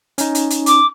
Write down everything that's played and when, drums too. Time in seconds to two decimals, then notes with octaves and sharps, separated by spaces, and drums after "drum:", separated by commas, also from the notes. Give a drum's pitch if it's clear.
0.18 C#4 D#4, drum: hi-hat
0.35 drum: hi-hat
0.50 drum: hi-hat
0.66 D6, drum: hi-hat